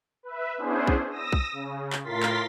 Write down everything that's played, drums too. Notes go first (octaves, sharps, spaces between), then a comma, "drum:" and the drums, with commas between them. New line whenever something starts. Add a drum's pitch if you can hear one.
B4 E5
B3 C#4 D4 E4 G#4 C5
drum: kick B1
D#6 E6 A#6
drum: kick B1
C#3
drum: clap
A2 F4 A#4 C6 A6 B6
drum: clap